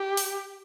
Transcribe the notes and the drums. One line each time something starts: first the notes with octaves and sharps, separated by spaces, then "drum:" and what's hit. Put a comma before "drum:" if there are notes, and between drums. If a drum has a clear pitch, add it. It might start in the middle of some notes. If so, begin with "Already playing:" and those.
Already playing: G4
drum: open hi-hat